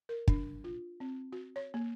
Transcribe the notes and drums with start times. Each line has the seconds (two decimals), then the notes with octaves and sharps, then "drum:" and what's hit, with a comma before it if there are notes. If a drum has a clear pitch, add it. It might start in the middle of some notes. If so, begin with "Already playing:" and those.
0.09 A#4
0.28 D4, drum: kick
0.64 F4
1.00 C4
1.33 F#4
1.56 C#5
1.74 A#3